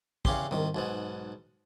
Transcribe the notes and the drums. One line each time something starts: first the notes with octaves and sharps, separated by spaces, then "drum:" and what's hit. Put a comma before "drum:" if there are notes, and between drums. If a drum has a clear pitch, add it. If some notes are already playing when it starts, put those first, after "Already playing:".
E2 C#3 C#4 G4 C6, drum: kick
C2 D#3, drum: tom G#2
B1 G#2 B3